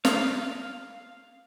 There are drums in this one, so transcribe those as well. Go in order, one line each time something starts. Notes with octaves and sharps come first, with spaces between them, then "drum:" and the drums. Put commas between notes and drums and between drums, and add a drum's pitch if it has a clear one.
F5, drum: snare